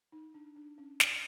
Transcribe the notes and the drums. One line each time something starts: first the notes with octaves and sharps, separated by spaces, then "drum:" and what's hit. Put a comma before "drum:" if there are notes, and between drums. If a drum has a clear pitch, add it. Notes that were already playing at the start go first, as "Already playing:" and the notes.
D#4
D4
D4
C#4
drum: snare